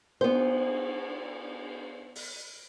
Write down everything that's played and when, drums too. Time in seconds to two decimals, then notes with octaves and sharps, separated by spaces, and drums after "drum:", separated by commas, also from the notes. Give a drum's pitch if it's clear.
0.21 B3 C5, drum: cymbal
2.15 drum: open hi-hat